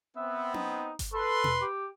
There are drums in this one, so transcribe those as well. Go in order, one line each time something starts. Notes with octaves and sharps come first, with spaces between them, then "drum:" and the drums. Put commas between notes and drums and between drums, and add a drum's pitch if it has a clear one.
B3 C4 E5
D#4, drum: tom C#4
drum: kick G1, hi-hat
A4 B4 C6
drum: tom B2
G4